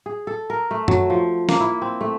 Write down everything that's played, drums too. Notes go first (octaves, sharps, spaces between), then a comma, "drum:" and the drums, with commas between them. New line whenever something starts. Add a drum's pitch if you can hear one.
G#4
A4
A#4
A3
F#3, drum: tom F#2
F3
A#3, drum: snare
E4
C4
A3